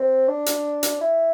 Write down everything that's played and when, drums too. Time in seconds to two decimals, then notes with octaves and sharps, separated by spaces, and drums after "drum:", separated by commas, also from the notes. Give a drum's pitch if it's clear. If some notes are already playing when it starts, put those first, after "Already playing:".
Already playing: C4
0.28 D4
0.46 drum: hi-hat
0.83 drum: hi-hat
1.01 E4